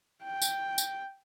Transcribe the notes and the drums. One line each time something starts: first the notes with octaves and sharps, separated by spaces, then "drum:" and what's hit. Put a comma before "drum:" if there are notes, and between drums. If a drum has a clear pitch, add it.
G5
drum: tambourine
drum: tambourine